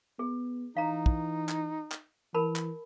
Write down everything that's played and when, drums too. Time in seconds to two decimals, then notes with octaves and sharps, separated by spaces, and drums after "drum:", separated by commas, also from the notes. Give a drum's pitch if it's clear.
0.19 B3 G#4
0.77 E3 D#4 F5 A#5
1.06 drum: kick
1.49 drum: clap
1.92 drum: clap
2.34 E3 A#4 A5 B5
2.56 drum: clap